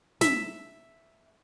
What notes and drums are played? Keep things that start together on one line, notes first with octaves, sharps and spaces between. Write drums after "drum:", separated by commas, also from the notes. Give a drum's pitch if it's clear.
E5, drum: snare